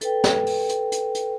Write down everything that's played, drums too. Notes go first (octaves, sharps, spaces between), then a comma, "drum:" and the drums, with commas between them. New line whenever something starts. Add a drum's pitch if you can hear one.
A4 B4 G5, drum: hi-hat
drum: snare
drum: open hi-hat
drum: hi-hat
drum: hi-hat
drum: hi-hat